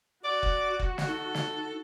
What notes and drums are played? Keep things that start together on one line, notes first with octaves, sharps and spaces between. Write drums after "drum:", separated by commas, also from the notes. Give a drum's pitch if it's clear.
F#4 D5
drum: kick F1
drum: kick F1
drum: snare
D#4 A4
drum: snare